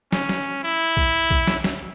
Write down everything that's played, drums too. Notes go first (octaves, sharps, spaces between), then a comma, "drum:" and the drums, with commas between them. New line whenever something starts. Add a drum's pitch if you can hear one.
C#4, drum: snare
drum: snare
E4
drum: kick A#1
drum: kick A#1
drum: snare
drum: snare